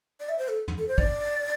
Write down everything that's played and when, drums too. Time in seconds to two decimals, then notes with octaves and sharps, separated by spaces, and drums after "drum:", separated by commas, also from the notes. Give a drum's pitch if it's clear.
0.20 D5
0.29 E5
0.39 C5
0.48 A4
0.68 drum: tom
0.78 A4
0.88 C5
0.98 D5, drum: kick